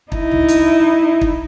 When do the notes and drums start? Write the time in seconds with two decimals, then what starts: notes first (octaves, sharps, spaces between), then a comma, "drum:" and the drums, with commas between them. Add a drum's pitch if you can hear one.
0.12 D#4 E4, drum: kick
0.31 drum: tom C#2
0.48 drum: hi-hat
1.21 drum: kick